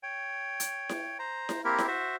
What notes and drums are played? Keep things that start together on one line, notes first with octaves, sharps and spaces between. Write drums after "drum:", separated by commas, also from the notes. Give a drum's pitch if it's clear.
C#5 G5
drum: hi-hat
drum: snare E4
C5 A#5
drum: snare E4
A#3 C4 E4 G4 A#4
drum: snare E4
F#4 C5 E5